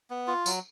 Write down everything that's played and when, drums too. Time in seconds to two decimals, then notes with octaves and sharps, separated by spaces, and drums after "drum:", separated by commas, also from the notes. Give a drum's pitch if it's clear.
0.10 B3
0.28 F4
0.46 F#3, drum: tambourine